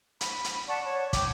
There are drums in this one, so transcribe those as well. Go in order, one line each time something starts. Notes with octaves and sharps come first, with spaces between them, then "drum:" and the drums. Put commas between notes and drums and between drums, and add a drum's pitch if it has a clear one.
B5, drum: hi-hat
drum: hi-hat
D5 F#5 A5 C#6
C#5
G5 D6, drum: kick, hi-hat